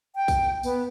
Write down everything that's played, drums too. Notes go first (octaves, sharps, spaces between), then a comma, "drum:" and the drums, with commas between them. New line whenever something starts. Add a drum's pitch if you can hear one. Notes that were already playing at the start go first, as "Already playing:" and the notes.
G5
drum: kick B1, tambourine
B3, drum: tambourine